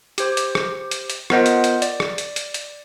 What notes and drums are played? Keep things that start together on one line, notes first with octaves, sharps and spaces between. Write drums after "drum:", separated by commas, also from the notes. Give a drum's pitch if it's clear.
G4 C5 D6, drum: hi-hat
drum: hi-hat
drum: rim click
drum: hi-hat
drum: hi-hat
B3 F4 A#4 C5 D#5 F#5, drum: rim click
drum: hi-hat
drum: hi-hat
D5, drum: hi-hat
drum: rim click
drum: hi-hat
drum: hi-hat
drum: hi-hat